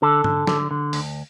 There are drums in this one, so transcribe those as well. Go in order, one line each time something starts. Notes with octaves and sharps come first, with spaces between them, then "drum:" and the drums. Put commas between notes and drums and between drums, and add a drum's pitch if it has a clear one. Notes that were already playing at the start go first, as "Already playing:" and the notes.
D3 A4
D3, drum: tom G#2
D3, drum: snare
D3
D2, drum: open hi-hat